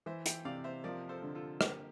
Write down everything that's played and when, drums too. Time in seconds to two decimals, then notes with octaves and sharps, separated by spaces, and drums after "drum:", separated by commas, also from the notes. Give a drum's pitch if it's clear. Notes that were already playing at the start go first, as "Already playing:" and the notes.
0.06 E3 C5 E5
0.26 E5 G5, drum: hi-hat
0.45 C3 D5 F5
0.64 C5 E5
0.84 F3 A#4 D5
1.09 A4 C5
1.22 D3
1.35 F4 A4
1.61 A#3 G4 A#4, drum: rim click